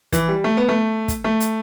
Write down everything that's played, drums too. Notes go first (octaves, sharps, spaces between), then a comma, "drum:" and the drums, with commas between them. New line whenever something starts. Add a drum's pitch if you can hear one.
E3, drum: kick, hi-hat
G3
A3
B3
A3
drum: kick, hi-hat
A3
drum: hi-hat